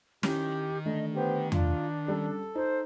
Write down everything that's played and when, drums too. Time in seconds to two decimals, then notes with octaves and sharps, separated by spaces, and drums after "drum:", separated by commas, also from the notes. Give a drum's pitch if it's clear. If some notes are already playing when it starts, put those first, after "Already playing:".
0.23 D#3 C#4 E4 G4, drum: snare
0.85 D3 A3 D#5
1.15 B3 G4 C5
1.52 D4 F4, drum: tom E2
2.08 G3 C#4 G4 A4
2.55 D#4 C5